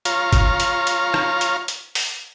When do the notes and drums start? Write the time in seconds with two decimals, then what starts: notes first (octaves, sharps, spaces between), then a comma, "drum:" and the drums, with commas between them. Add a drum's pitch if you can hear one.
0.05 F4 C#5 F5 A#5, drum: hi-hat
0.33 drum: kick, hi-hat
0.60 drum: hi-hat
0.87 drum: hi-hat
1.14 drum: rim click
1.41 drum: hi-hat
1.68 drum: hi-hat
1.95 drum: open hi-hat